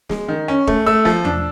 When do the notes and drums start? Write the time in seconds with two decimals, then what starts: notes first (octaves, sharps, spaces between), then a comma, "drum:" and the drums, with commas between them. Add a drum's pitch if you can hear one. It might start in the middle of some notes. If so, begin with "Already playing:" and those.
0.09 G#3, drum: snare
0.28 D#3
0.48 C#4
0.67 A3, drum: kick
0.86 A3 E6
1.05 F3, drum: snare
1.25 D4, drum: tom E2